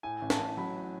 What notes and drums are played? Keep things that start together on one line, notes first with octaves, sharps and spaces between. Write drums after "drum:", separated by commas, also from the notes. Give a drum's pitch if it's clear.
A2 G#5
A1
A5, drum: snare
A1
F#3 B5
A2